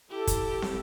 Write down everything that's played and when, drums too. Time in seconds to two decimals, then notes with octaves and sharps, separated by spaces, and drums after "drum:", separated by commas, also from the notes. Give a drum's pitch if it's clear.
0.10 E4 G4 A4
0.27 drum: kick, hi-hat
0.62 drum: snare